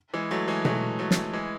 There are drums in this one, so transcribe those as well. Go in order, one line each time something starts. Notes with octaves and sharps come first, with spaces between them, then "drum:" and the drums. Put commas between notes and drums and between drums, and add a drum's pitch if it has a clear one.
E3 G#3
F#3 A3
E3 G#3
F#3 A3, drum: tom B2
F#3 A3
drum: snare
E3 G#3